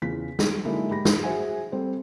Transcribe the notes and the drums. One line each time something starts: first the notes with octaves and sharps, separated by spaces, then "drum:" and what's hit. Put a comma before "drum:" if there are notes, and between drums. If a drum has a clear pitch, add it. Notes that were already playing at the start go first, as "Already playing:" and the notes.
E2 C#3 F4 B6
G3, drum: snare
D3 F#3 G#3 A#3 D#4 E4
G#2 G4 B5 A#6
drum: snare
F#4 G#4 C5 E5 F#5 G#5
G3 C4 A4 C5